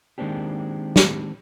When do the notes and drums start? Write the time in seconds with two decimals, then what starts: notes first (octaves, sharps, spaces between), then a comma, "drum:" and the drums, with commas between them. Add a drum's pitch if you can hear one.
0.18 D#3 G#3 A#3 C4 D4 G4
0.96 drum: snare